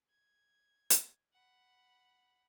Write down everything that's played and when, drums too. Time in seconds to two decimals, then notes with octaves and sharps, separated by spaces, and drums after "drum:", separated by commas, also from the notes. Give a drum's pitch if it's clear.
0.10 G#6
0.90 drum: hi-hat
1.33 F#5 B5